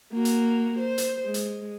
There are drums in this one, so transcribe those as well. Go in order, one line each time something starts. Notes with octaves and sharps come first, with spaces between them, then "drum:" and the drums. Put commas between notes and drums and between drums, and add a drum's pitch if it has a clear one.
A#3 F#4
drum: hi-hat
C5
drum: hi-hat
G#3
drum: hi-hat